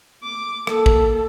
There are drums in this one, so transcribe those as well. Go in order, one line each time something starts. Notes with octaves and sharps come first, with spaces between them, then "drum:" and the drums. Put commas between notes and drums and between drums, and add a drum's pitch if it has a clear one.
D6
A#3 A4, drum: rim click
drum: kick